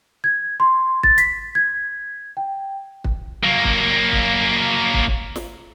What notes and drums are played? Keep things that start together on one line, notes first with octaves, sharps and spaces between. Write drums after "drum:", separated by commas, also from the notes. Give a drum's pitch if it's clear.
G#6
C6
A6, drum: kick
B6, drum: hi-hat
G#6
G5
drum: kick
F#3 A#3
drum: kick
drum: kick
drum: kick
drum: kick
drum: snare